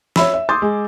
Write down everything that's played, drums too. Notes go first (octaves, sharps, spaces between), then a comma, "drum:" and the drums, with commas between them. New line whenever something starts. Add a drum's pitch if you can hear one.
C#5 E5 B5 E6, drum: snare
E5
C6 D6 D#6 G6 A6
G#3 G#4